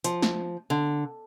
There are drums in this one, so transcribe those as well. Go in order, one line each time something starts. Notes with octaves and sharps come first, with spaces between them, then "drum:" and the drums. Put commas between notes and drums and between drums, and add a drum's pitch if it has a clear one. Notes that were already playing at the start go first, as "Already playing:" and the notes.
F3, drum: hi-hat
drum: snare
D3